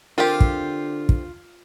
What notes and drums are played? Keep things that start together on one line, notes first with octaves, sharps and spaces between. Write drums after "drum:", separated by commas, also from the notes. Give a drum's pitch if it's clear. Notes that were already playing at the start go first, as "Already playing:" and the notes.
D3 C4 F4 G4 A#4
drum: kick
drum: kick